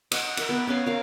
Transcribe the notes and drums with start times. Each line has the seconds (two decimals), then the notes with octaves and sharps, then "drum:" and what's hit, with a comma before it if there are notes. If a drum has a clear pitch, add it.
0.12 D#5 F#5, drum: cymbal
0.37 A#4 E5, drum: cymbal
0.49 B3 B4
0.67 B3 C#4 F5 G#5
0.86 A#4 F5